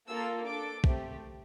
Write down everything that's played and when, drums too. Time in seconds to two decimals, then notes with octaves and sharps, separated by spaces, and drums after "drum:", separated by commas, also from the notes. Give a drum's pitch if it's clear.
0.08 A#3 F4 A4 E6
0.46 D4 A4 D6
0.84 A3 C4 G4, drum: kick